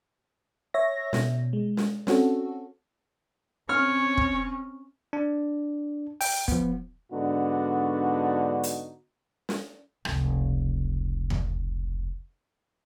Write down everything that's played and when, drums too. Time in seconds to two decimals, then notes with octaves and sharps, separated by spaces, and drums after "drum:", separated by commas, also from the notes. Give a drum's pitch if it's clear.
0.74 C#5 E5 A#6
1.13 B2, drum: snare
1.53 G#3
1.77 drum: snare
2.07 C4 C#4 F#4 A4, drum: snare
3.69 C4 C#4 C#5 F6
4.18 drum: kick
5.13 D4
6.21 G5, drum: open hi-hat
6.48 F3 B3, drum: kick
7.12 G#2 D3 B3 D4 D#4 F#4
8.63 drum: hi-hat
9.49 drum: snare
10.05 F1 C#2, drum: rim click
11.30 drum: tom E2